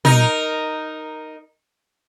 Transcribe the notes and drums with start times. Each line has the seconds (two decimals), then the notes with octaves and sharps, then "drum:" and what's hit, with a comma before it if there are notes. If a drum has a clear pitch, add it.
0.05 D#4 A#4, drum: tom